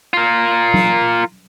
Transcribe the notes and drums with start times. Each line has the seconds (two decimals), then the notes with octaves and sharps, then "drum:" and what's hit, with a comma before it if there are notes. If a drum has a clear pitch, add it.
0.13 F4 A#4
0.74 drum: tom F#3